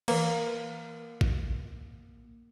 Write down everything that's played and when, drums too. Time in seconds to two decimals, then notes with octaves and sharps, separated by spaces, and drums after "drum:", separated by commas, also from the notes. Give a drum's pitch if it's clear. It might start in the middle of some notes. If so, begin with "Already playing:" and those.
0.08 E3 A#3 B4, drum: cymbal
1.21 drum: kick